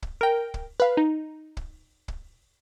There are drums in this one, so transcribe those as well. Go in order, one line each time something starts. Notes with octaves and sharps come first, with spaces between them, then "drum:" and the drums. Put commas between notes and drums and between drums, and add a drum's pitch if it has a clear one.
drum: kick
A#4 G5
drum: kick
B4 F5
D#4
drum: kick
drum: kick